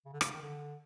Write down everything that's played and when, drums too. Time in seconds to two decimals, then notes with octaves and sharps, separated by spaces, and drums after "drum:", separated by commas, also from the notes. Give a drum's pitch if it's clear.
0.06 C#3
0.13 D3
0.21 C#3, drum: rim click
0.34 D#3
0.42 D3